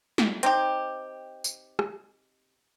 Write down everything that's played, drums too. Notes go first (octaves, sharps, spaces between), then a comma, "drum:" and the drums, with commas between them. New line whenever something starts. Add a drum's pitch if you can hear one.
drum: snare
C4 D#4 G4, drum: hi-hat
drum: tambourine
drum: rim click